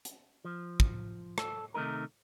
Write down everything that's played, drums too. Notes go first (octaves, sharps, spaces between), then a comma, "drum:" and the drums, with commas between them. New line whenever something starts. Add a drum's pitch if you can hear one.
drum: hi-hat
F3
drum: kick
A4, drum: rim click
C3 D#3 A3 D#4 A#4